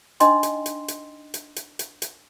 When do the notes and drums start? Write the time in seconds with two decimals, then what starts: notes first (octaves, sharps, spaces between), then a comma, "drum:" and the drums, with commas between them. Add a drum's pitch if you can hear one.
0.20 D4 D#4 D#5 G5 C6, drum: hi-hat
0.43 drum: hi-hat
0.66 drum: hi-hat
0.88 drum: hi-hat
1.34 drum: hi-hat
1.56 drum: hi-hat
1.79 drum: hi-hat
2.02 drum: hi-hat